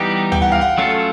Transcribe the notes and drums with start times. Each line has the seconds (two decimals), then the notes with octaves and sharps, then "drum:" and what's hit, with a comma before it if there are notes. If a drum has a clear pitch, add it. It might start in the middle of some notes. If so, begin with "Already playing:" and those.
Already playing: E3 G3 B3 D#4 G4 G5
0.32 G5, drum: tom D2
0.42 F#5
0.52 F5
0.61 F#5
0.78 F#3 A3 C#4 F4 A4